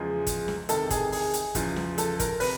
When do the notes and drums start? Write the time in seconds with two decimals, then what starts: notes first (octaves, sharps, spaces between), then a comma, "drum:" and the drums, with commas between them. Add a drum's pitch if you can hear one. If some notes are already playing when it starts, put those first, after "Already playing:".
Already playing: E2 C#3 F3 G#3 G#4
0.27 drum: kick, hi-hat
0.48 drum: snare
0.69 E2 C3 D#3 A4, drum: hi-hat
0.90 G#4, drum: kick, hi-hat
1.12 G#4, drum: open hi-hat
1.34 drum: hi-hat
1.55 E2 C#3 F3, drum: kick, hi-hat
1.76 drum: snare
1.98 A4, drum: hi-hat
2.20 A#4, drum: kick, hi-hat
2.40 C3 B4, drum: open hi-hat